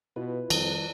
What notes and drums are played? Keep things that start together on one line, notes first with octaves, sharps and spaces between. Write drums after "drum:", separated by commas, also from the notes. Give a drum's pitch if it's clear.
B2 E4 F4 B4
F2 D#3 G3, drum: cymbal